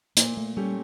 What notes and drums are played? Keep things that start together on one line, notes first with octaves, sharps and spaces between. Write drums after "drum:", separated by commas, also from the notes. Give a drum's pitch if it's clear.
A#2 A#3, drum: hi-hat
A3
G3 A3 C#4 G4